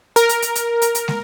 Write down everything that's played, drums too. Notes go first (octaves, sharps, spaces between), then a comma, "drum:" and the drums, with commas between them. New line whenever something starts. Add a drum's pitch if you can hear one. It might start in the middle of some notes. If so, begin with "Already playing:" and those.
A#4, drum: hi-hat
drum: hi-hat
drum: hi-hat
drum: hi-hat
drum: hi-hat
drum: hi-hat
drum: snare